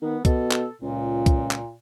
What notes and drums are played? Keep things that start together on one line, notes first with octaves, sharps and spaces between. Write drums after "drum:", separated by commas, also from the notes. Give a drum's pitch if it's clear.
D#3 B3
B2 A4, drum: kick C2, hi-hat
drum: clap
C#2 A#2
drum: kick C2, hi-hat
drum: clap